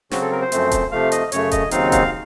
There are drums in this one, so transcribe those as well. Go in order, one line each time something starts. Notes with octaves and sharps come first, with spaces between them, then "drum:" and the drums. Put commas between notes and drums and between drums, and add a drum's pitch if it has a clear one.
C#3 F#3 C4 F#4, drum: snare
A4
A#4
C5
F#2 F3 A3 C4, drum: hi-hat
drum: kick D#1, hi-hat
C3 F3 A3 F5
D#5, drum: hi-hat
F#2 C#3 A3 C#5, drum: hi-hat
D#5, drum: kick D#1, hi-hat
D#2 C#3 F#3 C4 D#4 F5, drum: hi-hat
F5, drum: kick D#1, hi-hat